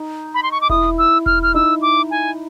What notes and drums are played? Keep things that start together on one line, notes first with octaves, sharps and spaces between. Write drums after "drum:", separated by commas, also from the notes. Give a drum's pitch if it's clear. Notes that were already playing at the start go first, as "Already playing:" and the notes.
Already playing: D#4
B5
C6
C#6
D6
E4 D#6, drum: kick E1
E6
F6, drum: kick E1
F6
D#4 E6
D6
G#5